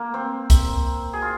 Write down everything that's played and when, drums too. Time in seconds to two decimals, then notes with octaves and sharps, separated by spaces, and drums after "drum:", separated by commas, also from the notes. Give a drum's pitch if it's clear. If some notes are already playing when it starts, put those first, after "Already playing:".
Already playing: A#3
0.14 C4
0.50 drum: kick C2, hi-hat
1.13 G#4
1.22 F4